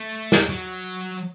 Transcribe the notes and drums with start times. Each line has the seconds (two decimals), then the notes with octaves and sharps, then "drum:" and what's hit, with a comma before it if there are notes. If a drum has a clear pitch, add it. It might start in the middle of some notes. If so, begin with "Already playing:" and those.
Already playing: A3
0.32 drum: snare
0.49 F#3